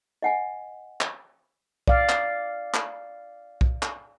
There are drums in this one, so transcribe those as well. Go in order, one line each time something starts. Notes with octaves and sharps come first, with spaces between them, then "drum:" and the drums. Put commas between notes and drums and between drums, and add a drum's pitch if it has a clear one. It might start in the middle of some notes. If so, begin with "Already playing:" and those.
D#5 F#5 G#5
drum: clap
D5 F5, drum: kick B1
drum: clap
drum: clap
drum: kick B1
drum: clap